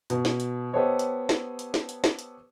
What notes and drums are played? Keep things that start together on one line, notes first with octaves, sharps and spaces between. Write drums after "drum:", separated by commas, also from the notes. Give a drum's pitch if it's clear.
B2, drum: hi-hat
drum: snare
drum: hi-hat
B3 G4 A4 C5 C#5 D#5
drum: hi-hat
drum: snare
drum: hi-hat
drum: snare
drum: hi-hat
drum: snare
drum: hi-hat